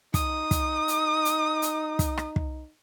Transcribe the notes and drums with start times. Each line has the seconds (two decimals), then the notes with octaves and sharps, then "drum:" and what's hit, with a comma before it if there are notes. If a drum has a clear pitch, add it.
0.14 D#4 D#6, drum: kick, hi-hat
0.51 drum: kick, hi-hat
0.88 drum: hi-hat
1.25 drum: hi-hat
1.62 drum: hi-hat
1.99 drum: kick, hi-hat
2.17 drum: rim click
2.36 drum: kick